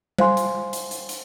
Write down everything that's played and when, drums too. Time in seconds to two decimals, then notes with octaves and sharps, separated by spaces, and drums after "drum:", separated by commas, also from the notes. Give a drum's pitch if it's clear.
0.18 C5 F5 G#5 C6, drum: tom G3
0.37 drum: hi-hat
0.73 drum: hi-hat
0.91 drum: hi-hat
1.09 drum: hi-hat